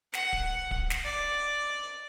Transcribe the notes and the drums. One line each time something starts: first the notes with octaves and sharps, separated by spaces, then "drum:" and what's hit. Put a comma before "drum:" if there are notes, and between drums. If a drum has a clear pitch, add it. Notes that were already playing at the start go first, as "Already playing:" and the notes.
F#5, drum: snare
drum: kick D1
drum: kick D1
drum: snare
D5